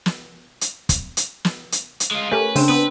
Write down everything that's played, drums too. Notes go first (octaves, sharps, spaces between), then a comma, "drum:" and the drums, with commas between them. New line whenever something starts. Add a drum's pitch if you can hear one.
drum: snare
drum: hi-hat
drum: kick, hi-hat
drum: hi-hat
drum: snare
drum: hi-hat
drum: hi-hat
G#3 F4
A3 C#4 G4 A#4 B4
C#3 C4 D4, drum: open hi-hat
B3 B4